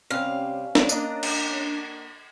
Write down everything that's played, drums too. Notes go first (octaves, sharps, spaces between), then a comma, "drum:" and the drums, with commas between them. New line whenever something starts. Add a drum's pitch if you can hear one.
C3 G3 C#4 F5
drum: snare
A#3 D4 D#5 A#5, drum: tambourine
drum: cymbal